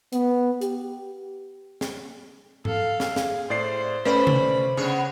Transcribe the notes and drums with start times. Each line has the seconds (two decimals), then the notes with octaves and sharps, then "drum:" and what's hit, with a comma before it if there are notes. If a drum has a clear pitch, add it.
0.13 B3, drum: hi-hat
0.61 G4, drum: hi-hat
1.81 drum: snare
2.65 A4 F5, drum: tom G#2
3.00 drum: snare
3.16 G#4 F5, drum: snare
3.50 A2 C5 D5 C7
4.05 A3 C#4 B4 C5 D5 B5
4.27 drum: tom C3
4.77 C#3 B3 D4 C#5